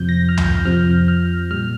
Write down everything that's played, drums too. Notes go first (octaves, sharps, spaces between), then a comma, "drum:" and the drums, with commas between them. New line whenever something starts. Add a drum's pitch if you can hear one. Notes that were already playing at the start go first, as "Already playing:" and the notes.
Already playing: F2 C3 F3 G6
A#6
F6
G6, drum: tom C#2
F2 C3 F3 F6
F6
A#2 G3 F6